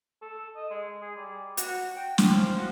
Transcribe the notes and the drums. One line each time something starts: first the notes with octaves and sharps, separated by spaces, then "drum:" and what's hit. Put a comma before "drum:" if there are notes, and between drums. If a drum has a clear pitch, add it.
A4
D#5
G#3
G#4
G3
F#4, drum: hi-hat
G5
C#4, drum: snare
F3
F#4